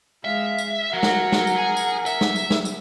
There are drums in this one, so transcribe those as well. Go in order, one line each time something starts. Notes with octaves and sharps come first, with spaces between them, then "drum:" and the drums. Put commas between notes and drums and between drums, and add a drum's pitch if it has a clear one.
G#3 E5 F5
drum: tambourine
F#3 F#4 A#4 F#5
drum: snare
drum: snare
drum: tambourine
G#4 G#5
drum: tambourine
E5, drum: tambourine
drum: snare
drum: tambourine
drum: snare
drum: tambourine